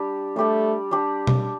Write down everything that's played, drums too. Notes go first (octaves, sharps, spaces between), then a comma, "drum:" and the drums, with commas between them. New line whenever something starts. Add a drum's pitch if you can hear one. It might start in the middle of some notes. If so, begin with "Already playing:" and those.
Already playing: G3 D4 G4 D5
G3 A3 D4 G4 D5
G3 D4 G4 D5
drum: tom B2